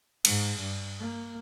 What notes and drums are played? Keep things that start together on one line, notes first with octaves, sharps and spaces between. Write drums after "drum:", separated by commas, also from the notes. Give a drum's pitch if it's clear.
G#2, drum: cymbal
G2
A#3